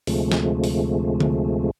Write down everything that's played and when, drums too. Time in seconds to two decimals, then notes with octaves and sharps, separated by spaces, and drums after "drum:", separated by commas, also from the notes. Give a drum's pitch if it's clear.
0.07 D2 C3 F3 G#3 A3, drum: open hi-hat
0.32 drum: snare
0.64 drum: open hi-hat
1.20 drum: tom D3